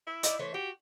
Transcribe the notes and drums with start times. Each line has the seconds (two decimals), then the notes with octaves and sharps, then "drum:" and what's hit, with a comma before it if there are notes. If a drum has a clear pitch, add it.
0.07 E4
0.23 D#4 D5, drum: hi-hat
0.39 E3 A3 C5 C#5
0.54 F#4 G4